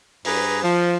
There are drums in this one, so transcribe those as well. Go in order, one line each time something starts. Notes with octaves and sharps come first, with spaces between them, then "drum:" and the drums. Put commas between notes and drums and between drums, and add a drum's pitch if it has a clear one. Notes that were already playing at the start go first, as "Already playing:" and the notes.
G2 G#4 B4 A#5, drum: open hi-hat
F3